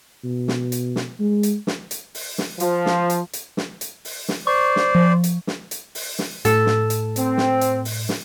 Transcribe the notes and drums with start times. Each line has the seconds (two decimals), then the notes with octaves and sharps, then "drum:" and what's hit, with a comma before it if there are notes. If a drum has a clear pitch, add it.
0.24 B2
0.48 drum: snare
0.72 drum: hi-hat
0.96 drum: snare
1.19 G#3
1.43 drum: hi-hat
1.67 drum: snare
1.91 drum: hi-hat
2.15 drum: open hi-hat
2.38 drum: snare
2.60 F3, drum: hi-hat
2.86 drum: snare
3.10 drum: hi-hat
3.33 drum: hi-hat
3.57 drum: snare
3.81 drum: hi-hat
4.05 drum: open hi-hat
4.28 drum: snare
4.47 C5 D5 C#6
4.76 drum: snare
4.95 F3
5.24 drum: hi-hat
5.47 drum: snare
5.71 drum: hi-hat
5.95 drum: open hi-hat
6.19 drum: snare
6.45 A2 A4, drum: hi-hat
6.66 drum: snare
6.90 drum: hi-hat
7.16 C4, drum: hi-hat
7.38 drum: snare
7.61 drum: hi-hat
7.85 drum: open hi-hat
8.09 drum: snare